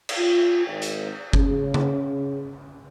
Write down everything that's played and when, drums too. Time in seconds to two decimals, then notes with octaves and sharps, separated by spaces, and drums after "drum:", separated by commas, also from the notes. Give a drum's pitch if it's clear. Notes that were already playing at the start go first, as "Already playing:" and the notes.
0.09 drum: cymbal
0.18 F4
0.66 G#1
0.82 drum: hi-hat
1.33 C#3, drum: kick F#1
1.74 drum: tom C#3